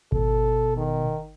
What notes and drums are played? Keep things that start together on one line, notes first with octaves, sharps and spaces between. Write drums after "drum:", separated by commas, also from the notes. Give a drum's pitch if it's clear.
B2 A4, drum: kick G#1
D#3